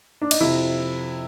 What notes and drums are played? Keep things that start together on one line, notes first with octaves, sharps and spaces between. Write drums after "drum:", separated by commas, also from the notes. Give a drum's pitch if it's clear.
D4
D#4, drum: cymbal
F2 C3 F3 E4